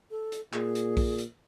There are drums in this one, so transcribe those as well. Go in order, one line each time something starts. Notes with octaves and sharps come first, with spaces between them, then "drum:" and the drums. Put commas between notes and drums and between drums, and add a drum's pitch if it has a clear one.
A4
drum: hi-hat
A#2 G#4, drum: clap
drum: hi-hat
drum: kick B1, open hi-hat
drum: hi-hat